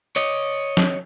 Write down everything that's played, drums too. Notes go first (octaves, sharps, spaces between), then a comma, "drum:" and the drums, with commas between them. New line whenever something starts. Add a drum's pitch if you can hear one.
C#5 D#5
drum: snare